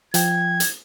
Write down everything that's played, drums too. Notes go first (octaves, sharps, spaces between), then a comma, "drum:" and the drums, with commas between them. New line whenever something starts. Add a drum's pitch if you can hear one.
F3 G5 G#6, drum: hi-hat
drum: hi-hat